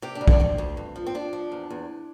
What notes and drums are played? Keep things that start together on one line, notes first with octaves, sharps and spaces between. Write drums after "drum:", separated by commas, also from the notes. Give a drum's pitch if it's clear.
C3 G4
D4
D2
D4, drum: kick
D2 C4
D2
G2
F3
C4
F3 D4
F3
E2
E2